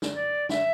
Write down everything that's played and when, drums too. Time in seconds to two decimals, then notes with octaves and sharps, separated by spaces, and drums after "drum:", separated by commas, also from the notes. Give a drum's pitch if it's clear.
0.02 drum: snare
0.13 D5
0.49 E5, drum: snare